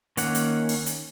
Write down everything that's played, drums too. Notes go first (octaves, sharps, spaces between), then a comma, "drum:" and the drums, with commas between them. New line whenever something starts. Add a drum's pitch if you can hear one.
D#3 A#3 C#4 F#5, drum: hi-hat
drum: hi-hat
drum: open hi-hat
drum: hi-hat